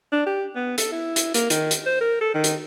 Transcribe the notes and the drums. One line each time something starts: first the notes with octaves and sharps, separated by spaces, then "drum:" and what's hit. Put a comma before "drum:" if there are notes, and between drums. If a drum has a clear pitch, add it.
D4
G4
B3
A4, drum: hi-hat
E4
drum: hi-hat
A#3, drum: hi-hat
D#3, drum: hi-hat
drum: hi-hat
C5
A#4
A4
D#3
drum: hi-hat